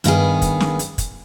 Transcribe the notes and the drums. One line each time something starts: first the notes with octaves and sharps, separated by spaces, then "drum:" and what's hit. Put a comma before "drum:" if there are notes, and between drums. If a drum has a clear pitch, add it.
G2 D#3 B3 G#4, drum: hi-hat
drum: kick, hi-hat
drum: snare
drum: hi-hat
drum: kick, hi-hat